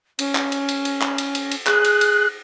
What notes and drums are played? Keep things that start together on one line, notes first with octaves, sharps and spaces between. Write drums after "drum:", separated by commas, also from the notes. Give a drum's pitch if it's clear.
C#4, drum: cymbal
drum: clap
drum: cymbal
drum: cymbal
drum: cymbal
drum: clap
drum: cymbal
drum: cymbal
drum: cymbal
G#4 F#6, drum: clap
drum: cymbal
drum: cymbal